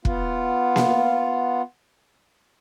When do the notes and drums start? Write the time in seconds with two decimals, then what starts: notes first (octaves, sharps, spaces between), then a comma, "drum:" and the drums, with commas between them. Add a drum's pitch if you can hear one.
0.05 B3 F4, drum: kick
0.76 drum: snare A#3